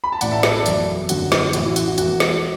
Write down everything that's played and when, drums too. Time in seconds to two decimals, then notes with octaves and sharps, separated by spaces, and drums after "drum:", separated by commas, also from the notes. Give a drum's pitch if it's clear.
0.04 B5
0.12 A5
0.21 A1 A2 E3 D5 F#5, drum: hi-hat
0.32 E5 A5
0.43 B4 E5, drum: snare
0.54 A4 D5
0.66 F#1 E2 B2 F#3, drum: hi-hat
1.09 F#1 F#2 D3 F#3 F#4, drum: hi-hat
1.32 drum: snare
1.53 A1 A2 E3 F#4, drum: hi-hat
1.65 E4
1.76 F#4, drum: hi-hat
1.88 F#4
1.98 E1 E2 E3 F#4, drum: hi-hat
2.20 drum: snare